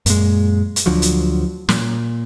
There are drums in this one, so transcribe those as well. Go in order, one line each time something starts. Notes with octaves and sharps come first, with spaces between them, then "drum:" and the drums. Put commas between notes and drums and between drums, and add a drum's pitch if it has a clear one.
F#2 A#2 G#3, drum: hi-hat
drum: hi-hat
D2 D3 F3 F#3
drum: hi-hat
A#2, drum: snare